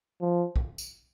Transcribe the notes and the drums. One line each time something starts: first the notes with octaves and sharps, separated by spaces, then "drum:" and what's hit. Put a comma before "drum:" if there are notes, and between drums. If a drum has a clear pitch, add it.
F3
drum: kick
drum: tambourine